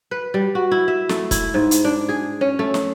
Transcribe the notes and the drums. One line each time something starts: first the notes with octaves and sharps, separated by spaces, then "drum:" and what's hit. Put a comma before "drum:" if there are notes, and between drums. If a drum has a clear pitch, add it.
B4
G3
F#4
E4
E5
A3, drum: snare
E4, drum: kick, hi-hat
G#2
drum: hi-hat
D4
G#4
C#4
A3
drum: snare